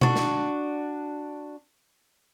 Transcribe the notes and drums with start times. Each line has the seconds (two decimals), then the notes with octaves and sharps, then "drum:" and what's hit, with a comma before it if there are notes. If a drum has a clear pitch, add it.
0.01 D4 F#4, drum: tom B2
0.16 drum: snare